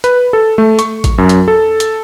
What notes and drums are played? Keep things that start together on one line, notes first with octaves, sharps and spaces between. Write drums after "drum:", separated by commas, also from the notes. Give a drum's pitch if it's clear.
B4, drum: hi-hat
A4
A3
C#6, drum: hi-hat
drum: kick A1, hi-hat
F#2
drum: hi-hat
A4
drum: hi-hat